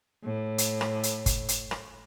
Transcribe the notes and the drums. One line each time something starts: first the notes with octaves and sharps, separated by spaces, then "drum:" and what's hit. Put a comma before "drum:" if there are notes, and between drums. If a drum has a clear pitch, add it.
A2
drum: hi-hat
drum: rim click
drum: hi-hat
drum: kick, hi-hat
drum: hi-hat
drum: rim click